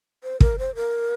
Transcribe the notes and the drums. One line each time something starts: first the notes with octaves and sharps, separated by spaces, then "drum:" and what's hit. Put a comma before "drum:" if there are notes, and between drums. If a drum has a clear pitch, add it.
C5
A#4, drum: kick
C5
A#4